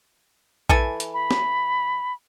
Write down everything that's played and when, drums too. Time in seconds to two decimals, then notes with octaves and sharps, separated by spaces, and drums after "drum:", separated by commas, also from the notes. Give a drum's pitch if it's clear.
0.69 E3 A4 G#5, drum: kick A#1
1.00 drum: hi-hat
1.14 B5
1.31 drum: snare